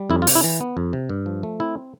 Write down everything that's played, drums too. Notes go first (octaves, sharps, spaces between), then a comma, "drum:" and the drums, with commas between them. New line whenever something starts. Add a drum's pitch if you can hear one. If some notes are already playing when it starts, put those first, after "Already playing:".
Already playing: G3
F2 E4
F4
C3, drum: open hi-hat
E4
E3
B3
F2
C3
G2
F3
A3
C4 E4